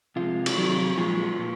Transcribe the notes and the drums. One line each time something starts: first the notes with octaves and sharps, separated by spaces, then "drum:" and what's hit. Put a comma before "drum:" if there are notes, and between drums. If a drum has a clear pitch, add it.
C3 F3 G#3 F4
drum: cymbal
C3 D#3 F#3
A#2 F3 G#3 F4
A#2